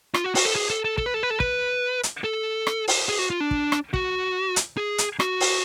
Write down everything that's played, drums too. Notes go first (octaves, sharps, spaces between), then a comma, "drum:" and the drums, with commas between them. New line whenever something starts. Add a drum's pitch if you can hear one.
F4, drum: rim click
F#4
F#4, drum: open hi-hat
A4
G#4
A4
A4
A4, drum: kick
B4
A4
B4
A4
B4, drum: kick
drum: hi-hat
A4
drum: rim click
drum: open hi-hat
G#4
F#4
F4
D4
drum: kick
drum: rim click
F#4, drum: kick
drum: hi-hat
G#4
drum: hi-hat
F#4, drum: rim click
drum: open hi-hat